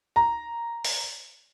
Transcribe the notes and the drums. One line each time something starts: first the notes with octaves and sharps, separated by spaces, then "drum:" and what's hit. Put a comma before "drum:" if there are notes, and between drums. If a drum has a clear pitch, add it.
A#5
drum: open hi-hat